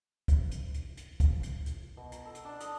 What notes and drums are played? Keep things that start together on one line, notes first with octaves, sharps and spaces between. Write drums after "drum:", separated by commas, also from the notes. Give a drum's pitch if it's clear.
drum: kick, hi-hat
drum: hi-hat
drum: hi-hat
drum: hi-hat
drum: kick, hi-hat
drum: hi-hat
drum: hi-hat
B2
A#5, drum: hi-hat
A4
drum: hi-hat
D4
D#5, drum: hi-hat